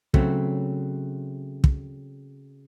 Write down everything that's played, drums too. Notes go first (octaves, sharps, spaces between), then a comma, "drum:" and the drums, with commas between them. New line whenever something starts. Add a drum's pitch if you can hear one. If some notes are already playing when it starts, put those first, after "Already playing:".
C#3 F#3 A3 C4, drum: kick
drum: kick